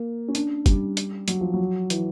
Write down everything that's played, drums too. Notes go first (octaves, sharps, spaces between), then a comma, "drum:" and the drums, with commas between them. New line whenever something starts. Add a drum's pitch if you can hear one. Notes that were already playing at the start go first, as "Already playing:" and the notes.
Already playing: A#3
C#4
D4, drum: hi-hat
G3, drum: kick, hi-hat
drum: hi-hat
F#3, drum: hi-hat
F3
F#3
E3, drum: hi-hat